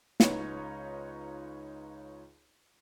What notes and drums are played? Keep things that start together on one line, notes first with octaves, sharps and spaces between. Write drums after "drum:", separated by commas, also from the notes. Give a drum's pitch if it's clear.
C#2 D#4 F4 B4 C#5 A#5, drum: snare